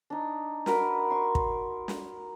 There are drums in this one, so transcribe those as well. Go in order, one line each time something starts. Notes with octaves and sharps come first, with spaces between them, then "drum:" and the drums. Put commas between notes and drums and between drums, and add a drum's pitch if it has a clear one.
D4 D#4
F#4 A#4 B4 F#5, drum: snare
C6 C#6
drum: kick
drum: snare